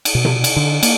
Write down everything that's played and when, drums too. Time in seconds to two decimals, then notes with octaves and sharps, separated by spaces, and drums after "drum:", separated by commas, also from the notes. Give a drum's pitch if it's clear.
0.05 drum: cymbal
0.15 B2
0.25 drum: tom C3
0.44 drum: cymbal
0.56 D3
0.83 A#3, drum: cymbal